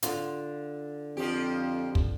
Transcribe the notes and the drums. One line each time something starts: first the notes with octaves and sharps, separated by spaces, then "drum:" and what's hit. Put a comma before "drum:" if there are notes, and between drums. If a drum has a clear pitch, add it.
D3 F4, drum: hi-hat
F2 F3 G4
drum: kick